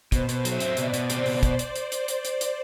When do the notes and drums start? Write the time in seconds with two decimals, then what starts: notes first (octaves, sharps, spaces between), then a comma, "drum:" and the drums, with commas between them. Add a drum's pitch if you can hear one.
0.12 B2 C5, drum: kick, hi-hat
0.29 B2, drum: hi-hat
0.45 F#3 E5, drum: hi-hat
0.60 C4, drum: hi-hat
0.77 B2 D5, drum: hi-hat
0.94 B2, drum: hi-hat
1.10 C4 C5, drum: hi-hat
1.26 B2, drum: open hi-hat
1.43 drum: kick, hi-hat
1.59 drum: hi-hat
1.76 drum: hi-hat
1.92 drum: hi-hat
2.08 drum: hi-hat
2.25 drum: hi-hat
2.41 drum: hi-hat